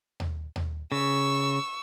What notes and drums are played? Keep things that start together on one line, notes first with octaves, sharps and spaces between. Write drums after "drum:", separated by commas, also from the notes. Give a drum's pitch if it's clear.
drum: tom D#2
drum: tom D#2
C#3 C#6 E6